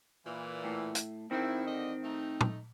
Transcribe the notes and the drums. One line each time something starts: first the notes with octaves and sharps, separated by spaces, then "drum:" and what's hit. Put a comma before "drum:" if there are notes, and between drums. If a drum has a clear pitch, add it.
A#2 E3
A2
drum: hi-hat
D#3 C4 E4
D3 D#5
A3 D#4
drum: tom